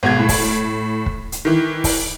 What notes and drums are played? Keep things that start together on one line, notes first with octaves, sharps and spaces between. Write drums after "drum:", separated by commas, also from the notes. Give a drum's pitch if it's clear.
G#1 B2 G#6
A2
drum: kick, open hi-hat
drum: kick
drum: hi-hat
D#3 E3
drum: kick, open hi-hat